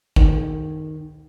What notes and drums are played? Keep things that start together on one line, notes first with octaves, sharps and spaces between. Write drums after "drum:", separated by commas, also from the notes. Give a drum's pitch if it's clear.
D#3, drum: kick